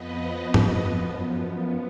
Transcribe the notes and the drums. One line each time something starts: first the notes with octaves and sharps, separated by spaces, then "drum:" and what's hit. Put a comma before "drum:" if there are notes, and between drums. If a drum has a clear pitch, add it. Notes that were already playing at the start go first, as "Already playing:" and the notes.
Already playing: F2 F3 B3 B4 D#5
drum: tom G2
F#2 F3 B3